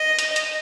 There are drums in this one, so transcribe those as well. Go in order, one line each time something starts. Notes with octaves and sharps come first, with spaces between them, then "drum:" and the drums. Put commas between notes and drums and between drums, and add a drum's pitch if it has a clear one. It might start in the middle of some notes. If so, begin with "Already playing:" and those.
Already playing: D#5
drum: hi-hat
drum: hi-hat